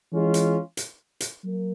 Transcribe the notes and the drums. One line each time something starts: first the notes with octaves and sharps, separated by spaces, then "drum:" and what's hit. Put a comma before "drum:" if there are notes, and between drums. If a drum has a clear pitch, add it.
E3 G#3 C#4 F4
drum: hi-hat
drum: hi-hat
drum: hi-hat
F#3 A#3